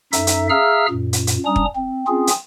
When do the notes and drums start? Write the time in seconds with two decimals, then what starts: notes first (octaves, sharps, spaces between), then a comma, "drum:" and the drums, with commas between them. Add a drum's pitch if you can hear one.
0.13 F#2 D#4 A4 E5, drum: hi-hat
0.27 drum: hi-hat
0.50 G#4 E5 F5 A#5 E6 F6
0.90 F#2 A#2
1.13 drum: hi-hat
1.27 drum: hi-hat
1.45 G3 C#4 D4 A#5 D#6
1.56 drum: kick
1.75 C4
2.07 C4 C#4 F4 G#4
2.27 drum: hi-hat